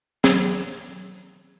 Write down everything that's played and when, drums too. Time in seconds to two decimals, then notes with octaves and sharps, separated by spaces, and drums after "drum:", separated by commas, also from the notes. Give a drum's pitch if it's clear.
0.24 F#3, drum: snare